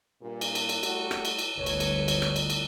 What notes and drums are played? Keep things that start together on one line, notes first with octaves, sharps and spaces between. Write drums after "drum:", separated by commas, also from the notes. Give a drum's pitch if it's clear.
G2 A#2
drum: cymbal
drum: cymbal
drum: cymbal
G3 A3 F#4, drum: cymbal
drum: rim click
drum: cymbal
drum: cymbal
G1 D2 G#2 B4 C#5
drum: cymbal
drum: cymbal
drum: cymbal
drum: rim click
drum: cymbal
drum: cymbal